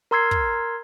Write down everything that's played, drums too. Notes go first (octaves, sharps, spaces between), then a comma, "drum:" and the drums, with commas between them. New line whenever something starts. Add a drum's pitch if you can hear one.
A#4 A#5 C6 E6 G#6 C7
drum: kick